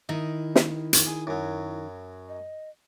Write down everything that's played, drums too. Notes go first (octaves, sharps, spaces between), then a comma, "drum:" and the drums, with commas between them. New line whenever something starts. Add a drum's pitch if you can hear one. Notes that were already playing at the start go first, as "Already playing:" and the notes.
D#3 D#4 E4 E5
drum: snare
drum: hi-hat
G#4
F#2 F#3
D#5